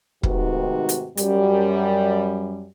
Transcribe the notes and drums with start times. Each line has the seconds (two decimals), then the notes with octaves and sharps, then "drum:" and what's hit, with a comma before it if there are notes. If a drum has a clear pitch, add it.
0.23 G#2 C3 D#3 A3 F#4 B4, drum: kick
0.89 drum: hi-hat
1.17 F#2 G3, drum: hi-hat